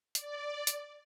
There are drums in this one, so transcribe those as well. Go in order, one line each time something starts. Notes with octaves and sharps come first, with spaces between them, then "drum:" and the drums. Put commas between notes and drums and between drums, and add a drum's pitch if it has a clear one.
D5, drum: hi-hat
drum: hi-hat